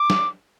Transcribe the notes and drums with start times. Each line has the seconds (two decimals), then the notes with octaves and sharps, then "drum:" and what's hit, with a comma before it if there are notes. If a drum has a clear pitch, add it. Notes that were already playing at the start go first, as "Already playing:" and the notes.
Already playing: D6
0.10 drum: snare